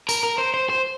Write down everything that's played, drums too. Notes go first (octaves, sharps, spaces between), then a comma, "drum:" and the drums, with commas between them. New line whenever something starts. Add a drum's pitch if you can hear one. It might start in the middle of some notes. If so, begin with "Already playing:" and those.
A#4, drum: tambourine
A#4
C5
C5
C5